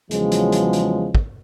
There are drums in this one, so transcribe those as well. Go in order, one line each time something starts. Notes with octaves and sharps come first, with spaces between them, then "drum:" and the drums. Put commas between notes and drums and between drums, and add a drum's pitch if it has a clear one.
E2 C#3 F3 F#3 G#3, drum: hi-hat
drum: hi-hat
drum: hi-hat
drum: hi-hat
drum: kick